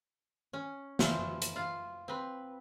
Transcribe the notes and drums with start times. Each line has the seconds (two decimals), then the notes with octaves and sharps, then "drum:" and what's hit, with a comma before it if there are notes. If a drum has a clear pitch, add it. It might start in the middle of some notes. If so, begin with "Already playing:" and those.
0.53 C#4
0.99 E3 F4 C5, drum: snare
1.42 drum: hi-hat
1.56 F4 F5
2.08 C4 B4